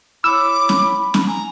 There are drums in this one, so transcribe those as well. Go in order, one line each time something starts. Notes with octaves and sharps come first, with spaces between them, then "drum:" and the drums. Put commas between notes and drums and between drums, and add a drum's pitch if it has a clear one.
E4 C#5 B5 D6 E6
drum: snare
drum: snare
G#5 A#5